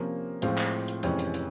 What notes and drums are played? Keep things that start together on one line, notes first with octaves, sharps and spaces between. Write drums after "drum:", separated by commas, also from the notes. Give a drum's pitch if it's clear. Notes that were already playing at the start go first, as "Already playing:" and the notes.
Already playing: C3 F3 A#3 C#4
A2 F3 G#3 C4 F4, drum: hi-hat
drum: clap
drum: open hi-hat
drum: hi-hat
F2 C3 E3 G#3 C#4, drum: hi-hat
drum: hi-hat
drum: hi-hat